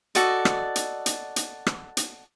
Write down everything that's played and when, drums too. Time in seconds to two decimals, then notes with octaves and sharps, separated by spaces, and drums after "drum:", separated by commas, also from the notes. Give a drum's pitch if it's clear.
0.15 F#4 A4 D5 D#5, drum: hi-hat
0.45 drum: rim click
0.76 drum: hi-hat
1.06 drum: hi-hat
1.36 drum: hi-hat
1.67 drum: rim click
1.97 drum: hi-hat